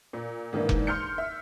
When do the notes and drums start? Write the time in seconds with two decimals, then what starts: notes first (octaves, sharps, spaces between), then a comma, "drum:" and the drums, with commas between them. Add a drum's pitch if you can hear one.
0.13 A#2
0.53 G#2 D#3 E3 A#3 D4
0.69 drum: kick F1
0.87 C6 F6 G6 C#7
1.18 E5